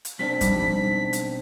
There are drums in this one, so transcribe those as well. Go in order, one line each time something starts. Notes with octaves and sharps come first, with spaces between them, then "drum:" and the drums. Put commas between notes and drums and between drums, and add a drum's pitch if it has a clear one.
drum: hi-hat
B1 C4 D4 B6
F3 G3 D#4, drum: kick G1, hi-hat
drum: hi-hat